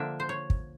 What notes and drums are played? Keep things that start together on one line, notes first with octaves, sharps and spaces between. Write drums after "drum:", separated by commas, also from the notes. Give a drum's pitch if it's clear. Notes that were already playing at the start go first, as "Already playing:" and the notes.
Already playing: D3 F3 A#3 D4 E5
C5
C#5
drum: kick